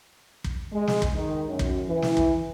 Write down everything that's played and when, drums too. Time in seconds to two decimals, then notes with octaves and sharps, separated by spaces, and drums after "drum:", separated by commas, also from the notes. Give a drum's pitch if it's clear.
0.44 drum: kick
0.73 G#3
0.88 drum: snare
1.02 drum: kick
1.14 D#3
1.48 F#2
1.59 drum: kick
1.88 E3
2.02 drum: snare
2.17 drum: kick